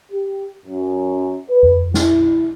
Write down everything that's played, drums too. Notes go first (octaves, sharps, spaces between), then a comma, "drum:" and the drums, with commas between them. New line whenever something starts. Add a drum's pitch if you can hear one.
G4
F#2
B4
drum: tom F2
E4, drum: snare